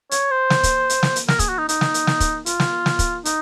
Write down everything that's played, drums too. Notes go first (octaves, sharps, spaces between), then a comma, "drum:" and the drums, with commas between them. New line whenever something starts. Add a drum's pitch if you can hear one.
C#5, drum: hi-hat
C5
drum: snare
drum: kick, hi-hat
drum: hi-hat
drum: snare
drum: hi-hat
A#4, drum: snare
G#4, drum: kick, hi-hat
F#4
D#4
D#4, drum: hi-hat
drum: snare
drum: hi-hat
drum: snare
drum: kick, hi-hat
F4, drum: hi-hat
drum: snare
drum: snare
drum: kick, hi-hat
D#4, drum: hi-hat